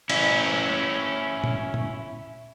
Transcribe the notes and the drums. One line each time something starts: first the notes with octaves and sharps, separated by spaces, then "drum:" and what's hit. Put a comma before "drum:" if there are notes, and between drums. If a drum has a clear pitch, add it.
C#4 E4, drum: cymbal
drum: tom A#2
drum: tom A#2